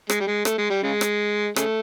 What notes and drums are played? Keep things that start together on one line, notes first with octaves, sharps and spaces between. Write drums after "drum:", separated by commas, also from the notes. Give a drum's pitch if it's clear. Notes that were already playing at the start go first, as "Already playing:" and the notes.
G#3, drum: rim click
G3
G#3
A3, drum: rim click
G#3
G3
C#3 G#3
drum: rim click
C#3 A3, drum: rim click